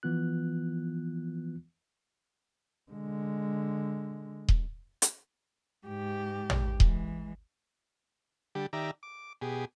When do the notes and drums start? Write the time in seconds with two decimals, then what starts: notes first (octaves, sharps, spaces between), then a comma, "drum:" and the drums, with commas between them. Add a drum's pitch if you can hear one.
0.03 E3 F3 B3 F4 F#6
2.92 D3 G#3
4.49 drum: kick D#1
5.02 drum: hi-hat
5.87 G#2 G4
6.50 drum: tom
6.80 E3 G#3, drum: kick D#1
8.55 D3 G3 G4
8.73 D#3 G4 D5 E5 A#5
9.03 D6
9.41 B2 G4 G#4